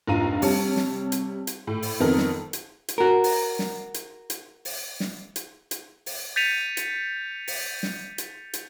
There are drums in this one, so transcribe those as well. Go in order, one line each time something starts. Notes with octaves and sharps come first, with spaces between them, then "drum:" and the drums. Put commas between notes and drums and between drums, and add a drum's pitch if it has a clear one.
F1 A#1 F4 A#5 D#7
C3 G3 C#5 A5 C#7, drum: open hi-hat
drum: snare
drum: hi-hat
drum: hi-hat
A2
drum: open hi-hat
F2 D#3 B3 C4 A4 A#4
drum: snare
drum: hi-hat
drum: hi-hat
F#4 A#4
drum: open hi-hat
drum: snare
drum: hi-hat
drum: hi-hat
drum: open hi-hat
drum: snare
drum: hi-hat
drum: hi-hat
drum: open hi-hat
G6 A6 B6 C#7 D#7 F7
drum: hi-hat
drum: open hi-hat
drum: snare
drum: hi-hat
drum: hi-hat